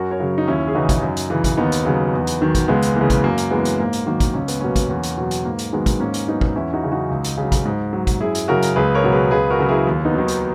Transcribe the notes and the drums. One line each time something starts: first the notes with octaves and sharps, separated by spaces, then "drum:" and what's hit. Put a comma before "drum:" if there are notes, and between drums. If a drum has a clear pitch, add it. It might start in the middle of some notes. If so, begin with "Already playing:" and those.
Already playing: F#2 F#4 A#4
A#4 C#5
C#3 F#3
D#4
D#2 C#4 E4
G#4
C#3 E3 D#4 F#4
drum: kick, hi-hat
F#2
drum: hi-hat
C#3 E3
drum: kick, hi-hat
D#2 B3 D#4
drum: hi-hat
C#3 F#3
E2
drum: hi-hat
D#3 F#3
drum: kick, hi-hat
C#2 G#3 B3
drum: hi-hat
C#3 E3 A#3
drum: kick, hi-hat
F#2 A#3
drum: hi-hat
E3 G#3 B3
drum: hi-hat
G#2 A#3
drum: hi-hat
D#3 F#3 A#3
drum: kick, hi-hat
C#2 C#4
B3, drum: hi-hat
B2 F#3 A#3 C#4
drum: kick, hi-hat
E2
drum: hi-hat
B2 F#3
drum: hi-hat
G#2 A#3
drum: hi-hat
D#3 F#3 G#3 B3
drum: kick, hi-hat
G#2 A#3 C#4
drum: hi-hat
F#3 B3 D#4
drum: kick
E2 C#4 E4
D#4 F#4
C#3 F#3
D#4 F#4
C#2
drum: hi-hat
C#3 F#3
drum: kick, hi-hat
G#2
F#3
drum: kick, hi-hat
F#2 E4 G#4
drum: hi-hat
C#3 F#3 F#4 A#4
drum: hi-hat
C#2 G#4 B4
A#4 C#5
B2 F#3
G#4 B4
C#2 G#4 B4
F#4 A#4
C#3 F#3
E4 G#4
D#2
B3 D#4
D#3 F#3
drum: hi-hat